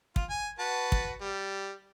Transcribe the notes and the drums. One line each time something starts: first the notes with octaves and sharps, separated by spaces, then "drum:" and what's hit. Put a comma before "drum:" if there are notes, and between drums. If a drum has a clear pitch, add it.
F4, drum: kick
G#5
F#4 B4 A5
drum: kick
G3